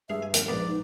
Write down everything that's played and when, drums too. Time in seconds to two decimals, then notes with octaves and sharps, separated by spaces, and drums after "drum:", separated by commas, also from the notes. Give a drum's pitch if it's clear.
0.10 G2 G#4 E5 F5
0.22 G#5
0.34 E3 A#3 A#4, drum: hi-hat
0.48 A#1 G#2 B3 B4 D5 B5
0.67 D#4